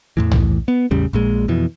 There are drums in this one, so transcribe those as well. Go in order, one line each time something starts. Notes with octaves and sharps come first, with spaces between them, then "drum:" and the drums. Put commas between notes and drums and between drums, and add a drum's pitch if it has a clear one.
E2 A2 E3
drum: tom
B3
A1 E2 C#3 G3
A#1 A#2 G#3
F2 B2 E3